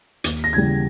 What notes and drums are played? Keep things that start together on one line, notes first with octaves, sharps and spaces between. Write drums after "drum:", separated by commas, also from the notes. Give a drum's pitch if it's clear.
D#2, drum: hi-hat
A#6
C#3 E3 G3 G#6